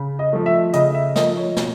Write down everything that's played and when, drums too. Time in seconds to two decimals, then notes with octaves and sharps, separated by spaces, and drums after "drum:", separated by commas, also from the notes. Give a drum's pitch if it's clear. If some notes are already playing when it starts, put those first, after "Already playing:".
Already playing: C#3
0.19 D#5
0.33 F3 A3
0.46 E5
0.73 C#3 D#5, drum: hi-hat
0.94 E5
1.16 F3 A3 D#5, drum: snare
1.37 C#5
1.57 B2 C#5, drum: snare